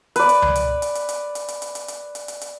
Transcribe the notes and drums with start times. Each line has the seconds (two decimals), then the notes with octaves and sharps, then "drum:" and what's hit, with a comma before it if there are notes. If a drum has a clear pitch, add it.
0.16 B4 D5, drum: hi-hat
0.29 drum: hi-hat
0.42 drum: tom C#2
0.55 drum: hi-hat
0.82 drum: hi-hat
0.95 drum: hi-hat
1.09 drum: hi-hat
1.35 drum: hi-hat
1.48 drum: hi-hat
1.62 drum: hi-hat
1.75 drum: hi-hat
1.88 drum: hi-hat
2.15 drum: hi-hat
2.28 drum: hi-hat
2.41 drum: hi-hat